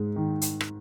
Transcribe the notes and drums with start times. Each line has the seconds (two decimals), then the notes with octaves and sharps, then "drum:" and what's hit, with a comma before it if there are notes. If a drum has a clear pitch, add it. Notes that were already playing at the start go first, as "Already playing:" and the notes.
Already playing: G#2 G#3
0.16 D#3
0.42 drum: hi-hat
0.61 drum: rim click